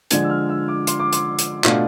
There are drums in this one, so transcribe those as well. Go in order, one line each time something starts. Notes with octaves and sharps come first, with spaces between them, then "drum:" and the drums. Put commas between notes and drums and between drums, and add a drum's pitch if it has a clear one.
D3 F3 G#3 D4 G#6, drum: hi-hat
E6
F6
E6
D6
C6, drum: hi-hat
D6
C6, drum: hi-hat
drum: hi-hat
B2 A3 D4 F4, drum: clap